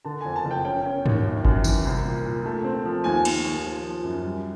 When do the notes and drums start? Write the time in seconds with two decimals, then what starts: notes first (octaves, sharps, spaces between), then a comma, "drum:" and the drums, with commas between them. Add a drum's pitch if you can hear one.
0.05 D3 A5
0.21 G#5
0.25 F2
0.36 A5
0.45 F#1
0.51 G5
0.65 C#4 G5
0.85 C#4
1.06 D#2, drum: tom
1.24 F#2
1.45 F#2, drum: kick G1
1.64 E3, drum: tambourine
1.85 C2
2.05 A#2
2.25 A#2
2.45 A3
2.64 C4
2.85 F3
3.04 D#2 G#5
3.25 D#2, drum: cymbal
3.44 D#2
3.65 F3
3.84 F3
4.04 F#2
4.25 G3